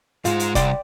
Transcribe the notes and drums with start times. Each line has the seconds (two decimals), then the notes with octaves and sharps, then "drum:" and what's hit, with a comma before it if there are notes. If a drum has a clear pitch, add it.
0.25 G#2 G#3 F4, drum: hi-hat
0.40 drum: hi-hat
0.55 C2 D5 G5 C6, drum: kick E1, hi-hat